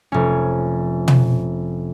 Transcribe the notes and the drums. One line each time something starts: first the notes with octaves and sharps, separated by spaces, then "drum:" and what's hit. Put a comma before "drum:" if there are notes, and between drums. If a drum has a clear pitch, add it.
F1 C#4
drum: tom